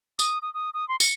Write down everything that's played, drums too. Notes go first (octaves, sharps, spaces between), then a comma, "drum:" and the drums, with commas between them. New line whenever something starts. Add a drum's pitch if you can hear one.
D#6, drum: tambourine
D#6
D#6
D#6
C6
C#7, drum: tambourine